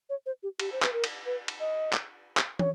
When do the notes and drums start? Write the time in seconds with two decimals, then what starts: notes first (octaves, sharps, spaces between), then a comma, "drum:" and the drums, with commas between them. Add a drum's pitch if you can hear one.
0.09 C#5
0.26 C5
0.43 G4
0.60 G4, drum: cymbal
0.72 C5
0.82 B4, drum: clap
0.93 A#4
1.04 drum: cymbal
1.26 B4
1.48 drum: cymbal
1.60 D#5
1.93 drum: clap
2.37 drum: clap
2.59 C#5, drum: tom